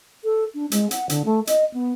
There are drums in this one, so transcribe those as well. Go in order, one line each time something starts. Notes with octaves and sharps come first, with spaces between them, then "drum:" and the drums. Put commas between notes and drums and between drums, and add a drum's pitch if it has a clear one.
A4
D4
G#3, drum: hi-hat
F#5, drum: hi-hat
D3, drum: hi-hat
A3
D#5, drum: hi-hat
B3